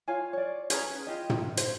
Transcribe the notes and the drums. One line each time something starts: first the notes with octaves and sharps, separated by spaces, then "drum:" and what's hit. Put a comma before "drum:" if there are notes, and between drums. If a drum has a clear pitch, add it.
F4 C#5 F5 G#5
C#5 D5
C#4 G#4 B4 A#5, drum: hi-hat
F4 G4 D#5
drum: tom
C5, drum: hi-hat